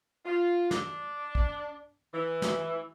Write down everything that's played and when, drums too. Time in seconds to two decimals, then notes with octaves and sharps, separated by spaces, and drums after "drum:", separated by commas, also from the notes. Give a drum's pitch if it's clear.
0.26 F4
0.71 D4, drum: snare
1.35 drum: kick
2.14 E3
2.42 drum: snare